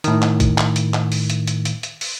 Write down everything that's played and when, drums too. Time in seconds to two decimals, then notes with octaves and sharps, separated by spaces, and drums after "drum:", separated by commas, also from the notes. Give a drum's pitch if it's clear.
0.04 A2 D#3, drum: hi-hat
0.22 drum: clap
0.40 drum: kick, hi-hat
0.58 drum: clap
0.76 drum: hi-hat
0.94 drum: clap
1.12 drum: open hi-hat
1.30 drum: hi-hat
1.47 drum: hi-hat
1.65 drum: hi-hat
1.83 drum: hi-hat
2.01 drum: open hi-hat